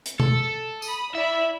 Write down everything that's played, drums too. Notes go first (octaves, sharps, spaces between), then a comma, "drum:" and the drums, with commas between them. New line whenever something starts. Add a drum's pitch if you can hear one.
drum: hi-hat
A4, drum: tom
B5 D#6, drum: tambourine
E4 D5 E5 B5